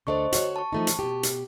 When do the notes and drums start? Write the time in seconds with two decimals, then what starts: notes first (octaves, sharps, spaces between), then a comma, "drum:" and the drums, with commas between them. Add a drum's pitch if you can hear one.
0.07 D2 D4 A4 C5 D#5 C#6
0.33 F#4 C#5, drum: hi-hat
0.56 A5 C#6
0.73 F3 A3 D#4
0.87 drum: hi-hat
0.99 B2 G4
1.23 drum: hi-hat